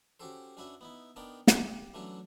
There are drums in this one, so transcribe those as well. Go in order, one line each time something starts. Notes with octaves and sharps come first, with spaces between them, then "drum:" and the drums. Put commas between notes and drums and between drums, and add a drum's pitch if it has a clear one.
C#4 F#4 G4 A4 C5
C#4 D4 F#4 B4 C#5 E5
B3 D#4 E4
B3 D4 D#4 A#4 G5 A5
G3, drum: snare
E3 F#3 A3 C#4 D4 F#4